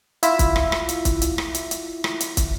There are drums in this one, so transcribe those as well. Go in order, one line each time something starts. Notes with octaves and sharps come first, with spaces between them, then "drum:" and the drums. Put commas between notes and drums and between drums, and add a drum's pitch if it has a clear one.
E4 F4 E5, drum: hi-hat
drum: kick, hi-hat
drum: rim click
drum: rim click
drum: hi-hat
drum: kick, hi-hat
drum: hi-hat
drum: rim click
drum: hi-hat
drum: hi-hat
drum: rim click
drum: hi-hat
drum: kick, hi-hat